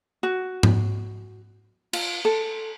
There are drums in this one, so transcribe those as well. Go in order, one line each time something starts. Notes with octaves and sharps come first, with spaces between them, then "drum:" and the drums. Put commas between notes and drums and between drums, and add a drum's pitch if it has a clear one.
F#4
drum: tom G#2
F4, drum: cymbal
A4